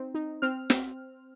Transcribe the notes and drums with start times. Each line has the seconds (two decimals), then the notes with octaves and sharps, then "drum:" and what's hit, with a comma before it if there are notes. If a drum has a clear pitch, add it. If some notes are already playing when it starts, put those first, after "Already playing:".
Already playing: C4 D#4
0.15 D#4
0.42 C4 F6
0.70 C4, drum: snare